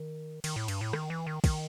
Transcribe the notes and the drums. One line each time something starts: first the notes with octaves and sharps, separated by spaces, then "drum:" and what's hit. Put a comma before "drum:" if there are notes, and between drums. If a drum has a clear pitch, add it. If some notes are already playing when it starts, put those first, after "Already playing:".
Already playing: D#3
D#3, drum: cymbal
A2
G2, drum: cymbal
A2
D#3, drum: rim click
E3
D#3
D#3, drum: kick, cymbal